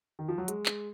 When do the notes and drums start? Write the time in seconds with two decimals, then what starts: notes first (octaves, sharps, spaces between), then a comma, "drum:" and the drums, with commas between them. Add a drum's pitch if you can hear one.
0.19 D#3
0.28 F3
0.38 F#3
0.48 G#3, drum: hi-hat
0.66 drum: clap